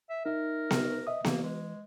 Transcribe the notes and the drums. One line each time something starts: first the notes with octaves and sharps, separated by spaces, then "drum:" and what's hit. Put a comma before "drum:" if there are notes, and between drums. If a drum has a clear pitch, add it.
E5
D#4 A#4 E5
drum: snare B3
D#5 E5 D#6
E3 A#3, drum: snare B3
G#3